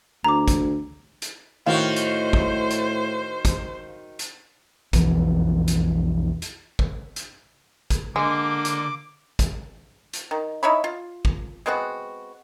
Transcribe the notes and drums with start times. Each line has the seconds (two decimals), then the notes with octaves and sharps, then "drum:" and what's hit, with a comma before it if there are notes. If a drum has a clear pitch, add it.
0.24 D2 A#5 D6
0.48 drum: kick, hi-hat
1.22 drum: hi-hat
1.66 A2 D#3 F#4 C5 F5
1.96 drum: hi-hat
2.33 drum: kick
2.70 drum: hi-hat
3.45 drum: kick, hi-hat
4.19 drum: hi-hat
4.93 E1 B1 F2 E3, drum: kick, hi-hat
5.68 drum: hi-hat
6.42 drum: hi-hat
6.79 drum: kick
7.16 drum: hi-hat
7.90 drum: kick, hi-hat
8.16 D3 G#3 A#3 D6
8.65 drum: hi-hat
9.39 drum: kick, hi-hat
10.13 drum: hi-hat
10.31 D#3
10.63 D#4 E4 C#5 B5
10.84 F4
11.25 drum: kick
11.66 G#3 B3 C4 F#4